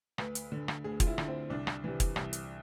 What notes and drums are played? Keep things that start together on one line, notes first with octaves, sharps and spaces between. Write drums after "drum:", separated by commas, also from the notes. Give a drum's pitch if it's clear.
D2 B4, drum: rim click
drum: hi-hat
D3
drum: rim click
D2 G#4
F4, drum: kick, hi-hat
E4
D3, drum: rim click
C4
C2 D4
drum: rim click
C3 E3
drum: kick, hi-hat
C2, drum: rim click
drum: hi-hat